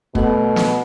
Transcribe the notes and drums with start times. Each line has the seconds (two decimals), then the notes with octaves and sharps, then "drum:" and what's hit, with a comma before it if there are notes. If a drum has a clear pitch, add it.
0.15 B2 A3 B3 A4, drum: kick
0.56 drum: snare